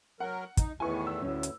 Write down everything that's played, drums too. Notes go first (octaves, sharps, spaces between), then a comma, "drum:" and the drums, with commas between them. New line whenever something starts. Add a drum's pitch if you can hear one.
F#3 A#4 F#5
D#4, drum: kick, hi-hat
E2 A2 D#3 E4 B4 G#5 C#6
E6
D2 A2 C#4
drum: hi-hat